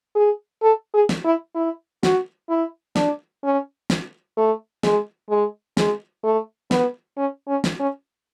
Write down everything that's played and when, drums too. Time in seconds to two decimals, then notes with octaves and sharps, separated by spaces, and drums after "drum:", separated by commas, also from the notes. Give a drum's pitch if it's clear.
0.15 G#4
0.62 A4
0.94 G#4
1.09 drum: snare
1.25 E4
1.55 E4
2.03 F#4, drum: snare
2.49 E4
2.96 D4, drum: snare
3.44 C#4
3.90 drum: snare
4.37 A3
4.83 G#3, drum: snare
5.30 G#3
5.77 G#3, drum: snare
6.24 A3
6.71 B3, drum: snare
7.17 C#4
7.48 C#4
7.64 drum: snare
7.79 C#4